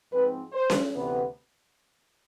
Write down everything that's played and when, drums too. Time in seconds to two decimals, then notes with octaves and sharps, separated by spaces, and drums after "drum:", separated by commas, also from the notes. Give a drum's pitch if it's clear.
0.11 G#2 F3 G#3 C4 B4
0.52 C5
0.70 drum: snare C#4
0.93 D2 C3 E3 B3